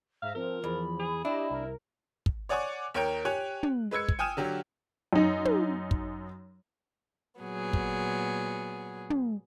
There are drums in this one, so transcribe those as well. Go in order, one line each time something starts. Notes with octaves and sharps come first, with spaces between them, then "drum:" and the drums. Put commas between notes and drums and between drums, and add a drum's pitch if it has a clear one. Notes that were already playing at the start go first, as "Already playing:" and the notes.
G#2 E5 F5 A#5
F3 C4 A#4
E2 B5
G#4
D4 E4 G4 D#5
C2 A#4
drum: kick
C#5 D5 F#5 G#5 C#6 D6
D#2 A#4 C#5 G5 D7
G4 C#5 G#5 F#6
drum: tom
G#3 B4 E6 G#6 C#7
drum: kick
G5 G#5 D#6 F6 D#7 E7
D3 F#3 G4
F#2 D#4
drum: tom
drum: kick
A#2 F#3 B3 G#4
drum: kick
drum: tom